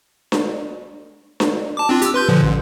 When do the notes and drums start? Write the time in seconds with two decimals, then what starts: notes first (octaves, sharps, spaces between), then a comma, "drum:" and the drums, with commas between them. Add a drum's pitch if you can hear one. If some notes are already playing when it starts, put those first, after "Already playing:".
0.32 drum: snare D4
1.40 drum: snare D4
1.77 A5 D6
1.89 C4 D4 F4
2.02 G4 E6, drum: hi-hat
2.14 B4 C6 G6
2.29 A#2 D3 F3
2.43 A1